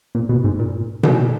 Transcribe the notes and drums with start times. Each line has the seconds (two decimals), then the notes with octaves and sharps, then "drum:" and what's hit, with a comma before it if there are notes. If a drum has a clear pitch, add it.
0.15 A#2
0.29 B2
0.44 G#2
0.59 A#2
1.03 drum: tom B2